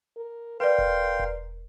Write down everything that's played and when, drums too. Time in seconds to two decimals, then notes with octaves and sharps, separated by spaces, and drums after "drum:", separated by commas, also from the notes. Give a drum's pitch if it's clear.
0.17 A#4
0.60 A#4 B4 D5 F5 G5 C6
0.78 drum: kick E1
1.19 drum: kick E1